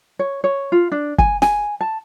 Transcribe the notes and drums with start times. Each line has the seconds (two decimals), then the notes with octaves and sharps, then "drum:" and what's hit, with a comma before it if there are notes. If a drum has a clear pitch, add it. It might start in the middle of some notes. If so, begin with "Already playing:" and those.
0.19 C#5
0.44 C#5
0.72 F4
0.92 D4
1.18 G#5, drum: kick
1.42 G#5, drum: snare
1.81 A5